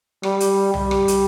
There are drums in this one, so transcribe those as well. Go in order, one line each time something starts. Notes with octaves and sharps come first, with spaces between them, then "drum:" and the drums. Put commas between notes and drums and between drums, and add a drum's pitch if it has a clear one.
G3, drum: rim click
drum: hi-hat
G3, drum: tom
drum: rim click
drum: hi-hat